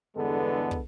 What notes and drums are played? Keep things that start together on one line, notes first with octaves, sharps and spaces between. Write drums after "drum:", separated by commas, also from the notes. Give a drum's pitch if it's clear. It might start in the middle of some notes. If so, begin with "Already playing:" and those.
E2 G2 D3 G#3 B3 A4
drum: kick